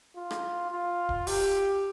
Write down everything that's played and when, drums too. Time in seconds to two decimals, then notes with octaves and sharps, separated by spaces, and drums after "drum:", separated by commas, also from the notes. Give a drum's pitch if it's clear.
0.16 F4
0.31 drum: rim click
0.71 F4
1.09 drum: kick D1
1.27 G4, drum: open hi-hat